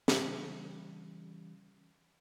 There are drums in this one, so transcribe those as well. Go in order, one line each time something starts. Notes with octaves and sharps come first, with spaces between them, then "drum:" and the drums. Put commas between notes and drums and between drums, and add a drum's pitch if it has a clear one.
C#3 E3 G3, drum: snare